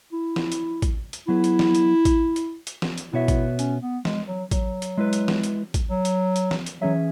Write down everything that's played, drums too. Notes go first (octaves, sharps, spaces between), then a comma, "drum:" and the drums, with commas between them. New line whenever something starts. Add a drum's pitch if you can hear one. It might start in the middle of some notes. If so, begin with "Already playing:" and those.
E4
drum: snare E3
drum: hi-hat
drum: kick A1, hi-hat
drum: hi-hat
F#3 B3 E4 G#4 B4
drum: hi-hat
drum: snare E3
drum: hi-hat
drum: kick A1, hi-hat
drum: hi-hat
drum: hi-hat
drum: snare E3
drum: hi-hat
B2 B3 E4 F#4 C#5 E5
drum: kick A1, hi-hat
C#4, drum: hi-hat
B3
G#3, drum: snare E3
F#3
F#3, drum: kick A1, hi-hat
drum: hi-hat
G#3 E4 B4
drum: hi-hat
drum: snare E3
drum: hi-hat
drum: kick A1, hi-hat
F#3
drum: hi-hat
drum: hi-hat
drum: snare E3
drum: hi-hat
E3 F#3 C#4 G#4 E5